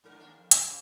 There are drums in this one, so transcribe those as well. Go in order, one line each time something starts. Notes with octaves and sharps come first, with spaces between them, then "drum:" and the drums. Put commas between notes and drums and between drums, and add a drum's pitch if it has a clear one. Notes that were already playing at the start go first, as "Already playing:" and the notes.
G#2 D3 A#4
D#2 D4 A#4
F2
F2 B2, drum: hi-hat
C#3